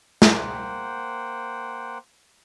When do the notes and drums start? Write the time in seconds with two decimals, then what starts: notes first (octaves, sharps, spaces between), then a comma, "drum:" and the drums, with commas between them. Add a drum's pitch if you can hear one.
0.22 A#3 C5 F#5 G5, drum: snare